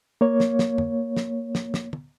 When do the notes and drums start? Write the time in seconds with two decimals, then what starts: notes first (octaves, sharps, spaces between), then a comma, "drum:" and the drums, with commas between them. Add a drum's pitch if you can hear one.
0.21 A#3 C#5
0.40 drum: snare
0.59 drum: snare
0.78 drum: tom F2
1.17 drum: snare
1.55 drum: snare
1.74 drum: snare
1.93 drum: tom